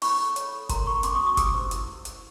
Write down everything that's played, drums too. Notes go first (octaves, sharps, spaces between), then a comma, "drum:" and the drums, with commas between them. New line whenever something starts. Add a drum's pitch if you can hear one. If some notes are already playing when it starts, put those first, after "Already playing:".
E4 B5 C#6, drum: open hi-hat
A4
C#5, drum: hi-hat
A4
A#4 A#5 C6, drum: kick F#1, hi-hat
A#4 B5 C#6
C#4 C6 D6, drum: hi-hat
C#6 D#6
F#4
C#6 D#6
G4 D6 E6, drum: kick F#1, hi-hat
C5
E4, drum: hi-hat
drum: hi-hat